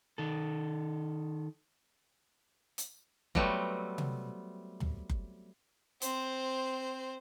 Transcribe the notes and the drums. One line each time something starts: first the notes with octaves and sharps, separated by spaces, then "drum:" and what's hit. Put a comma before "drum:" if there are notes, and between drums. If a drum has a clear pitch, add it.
D#3 A4
drum: hi-hat
F#3 G3 A3 B3 C4, drum: kick F#1
drum: tom C3
drum: tom
drum: kick F#1
C4 C5, drum: hi-hat